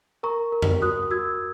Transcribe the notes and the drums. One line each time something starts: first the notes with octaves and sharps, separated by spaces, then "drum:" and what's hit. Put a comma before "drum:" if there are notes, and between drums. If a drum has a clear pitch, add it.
A#4 A#5 C#6
A#4
drum: tom F2
F#4 D#6 F#6
F#4 E6 G#6